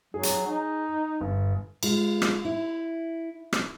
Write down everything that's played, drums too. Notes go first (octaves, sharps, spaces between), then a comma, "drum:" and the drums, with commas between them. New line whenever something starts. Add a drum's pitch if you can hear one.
F#3 G#4
drum: hi-hat
D#4
G1
G#3 F4, drum: cymbal
drum: rim click
E4
drum: rim click